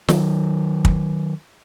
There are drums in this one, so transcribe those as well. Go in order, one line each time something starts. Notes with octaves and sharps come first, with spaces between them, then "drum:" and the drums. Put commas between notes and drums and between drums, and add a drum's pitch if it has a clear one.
D#3 F#3, drum: snare
drum: kick